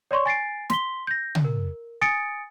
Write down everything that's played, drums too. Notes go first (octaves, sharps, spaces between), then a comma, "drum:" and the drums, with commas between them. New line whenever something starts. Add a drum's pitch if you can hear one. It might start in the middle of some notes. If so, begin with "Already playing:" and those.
C#5 D5 C6 C#6
G#5 A6 C7 D7
C6 B6 G7, drum: snare
G6 A#6
drum: tom
A#4
G#5 D#6 A6 C#7 D7